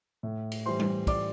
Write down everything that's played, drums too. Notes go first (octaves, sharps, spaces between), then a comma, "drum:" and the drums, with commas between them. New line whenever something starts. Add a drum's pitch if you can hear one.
A2
drum: cymbal
E3 G3 C5 C6
drum: tom G3
A2 D5 D6, drum: kick, cymbal